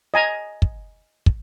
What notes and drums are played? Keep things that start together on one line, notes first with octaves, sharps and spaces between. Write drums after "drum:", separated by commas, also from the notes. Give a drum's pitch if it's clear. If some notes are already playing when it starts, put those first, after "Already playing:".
D#5 G#5 A#5
drum: kick
drum: kick